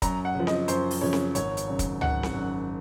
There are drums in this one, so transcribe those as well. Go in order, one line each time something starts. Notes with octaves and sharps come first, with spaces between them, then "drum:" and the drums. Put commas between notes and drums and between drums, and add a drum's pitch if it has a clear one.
F#2 A#5, drum: kick, hi-hat
F#5
C#3 F3
D#5, drum: snare C4
F#2 C5, drum: hi-hat
drum: open hi-hat
C#3 F3 C#5
drum: snare C4
G#1 C#5, drum: hi-hat
drum: hi-hat
F#2 C#3
drum: kick, hi-hat
G#1 F#5, drum: tom
drum: snare C4
F#2 C#3